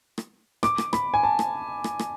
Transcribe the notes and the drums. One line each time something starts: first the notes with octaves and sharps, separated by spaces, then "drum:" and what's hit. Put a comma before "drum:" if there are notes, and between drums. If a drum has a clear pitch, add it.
drum: rim click
D6, drum: rim click
drum: rim click
B5, drum: rim click
G#5
A5
drum: rim click
drum: rim click
drum: rim click